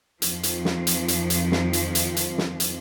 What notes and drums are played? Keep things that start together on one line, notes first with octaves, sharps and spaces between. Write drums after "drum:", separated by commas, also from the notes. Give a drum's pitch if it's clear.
F2 D#3 F3, drum: hi-hat
drum: hi-hat
drum: snare
drum: hi-hat
drum: hi-hat
drum: hi-hat
drum: snare
drum: hi-hat
drum: hi-hat
drum: hi-hat
drum: snare
drum: hi-hat